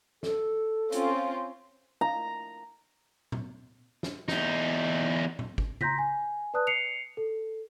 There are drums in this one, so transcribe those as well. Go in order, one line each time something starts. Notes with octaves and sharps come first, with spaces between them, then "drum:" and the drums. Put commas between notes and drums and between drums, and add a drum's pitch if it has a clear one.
A4, drum: snare
C4 C#4 F4, drum: hi-hat
A#5
drum: tom A#2
drum: snare
E2 D#4, drum: snare
drum: tom A#2
drum: kick G1
A#5 C6 G6 A#6 B6, drum: tom C#3
G#5
B4 D5 A5 D#6 F#6
C7 C#7 F7
A4